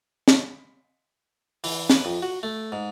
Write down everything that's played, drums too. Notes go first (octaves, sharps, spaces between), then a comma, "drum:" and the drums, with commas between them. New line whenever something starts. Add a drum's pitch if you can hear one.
drum: snare
E3, drum: open hi-hat
B4, drum: snare
F2
F#4
A3
G#2